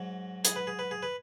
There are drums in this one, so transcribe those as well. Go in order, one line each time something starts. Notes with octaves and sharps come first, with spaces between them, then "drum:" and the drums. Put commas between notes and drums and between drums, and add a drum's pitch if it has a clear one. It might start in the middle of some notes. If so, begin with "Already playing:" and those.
Already playing: G#2 F#3
G#4, drum: hi-hat
B4
G#4
B4
G#4
B4